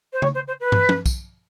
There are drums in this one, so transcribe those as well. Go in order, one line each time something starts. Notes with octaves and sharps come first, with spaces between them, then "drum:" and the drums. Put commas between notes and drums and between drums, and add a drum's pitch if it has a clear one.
C5
C#5, drum: tom C#3
C5
C5
B4
drum: tom
drum: tom
drum: kick, tambourine